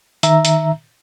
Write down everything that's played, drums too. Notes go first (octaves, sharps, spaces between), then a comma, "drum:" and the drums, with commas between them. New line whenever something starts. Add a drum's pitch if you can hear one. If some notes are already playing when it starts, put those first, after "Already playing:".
D#3 E5 A#5, drum: hi-hat
drum: hi-hat